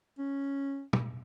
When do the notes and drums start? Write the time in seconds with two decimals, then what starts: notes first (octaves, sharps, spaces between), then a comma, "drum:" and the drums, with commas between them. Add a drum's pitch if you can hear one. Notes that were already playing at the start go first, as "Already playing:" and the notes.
0.18 C#4
0.93 drum: tom